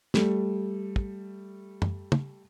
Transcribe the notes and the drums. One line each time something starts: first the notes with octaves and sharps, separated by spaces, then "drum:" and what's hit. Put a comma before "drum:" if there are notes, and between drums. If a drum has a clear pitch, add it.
G3 A3, drum: snare
drum: kick
drum: tom F#2
drum: tom